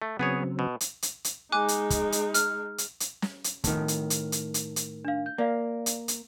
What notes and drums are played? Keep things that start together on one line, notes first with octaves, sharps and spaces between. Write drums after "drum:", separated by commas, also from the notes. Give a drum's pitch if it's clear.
A3
C#3 F#3 B3 C4 G#4 C#5
B2
drum: hi-hat
drum: hi-hat
drum: hi-hat
G#3 D#4 G#5 D6 F#6
drum: hi-hat
drum: kick, hi-hat
drum: hi-hat
F6, drum: hi-hat
drum: hi-hat
drum: hi-hat
drum: snare
drum: hi-hat
A2 D#3, drum: kick, hi-hat
drum: hi-hat
drum: hi-hat
drum: hi-hat
drum: hi-hat
drum: hi-hat
D4 F5
G6
A#3 D5 F5
drum: hi-hat
drum: hi-hat